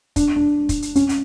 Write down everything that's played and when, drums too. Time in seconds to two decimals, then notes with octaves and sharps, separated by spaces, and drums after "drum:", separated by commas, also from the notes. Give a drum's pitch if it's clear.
0.16 D4, drum: kick, hi-hat
0.36 D4
0.69 drum: kick, hi-hat
0.82 drum: hi-hat
0.95 C#4, drum: hi-hat
1.09 drum: hi-hat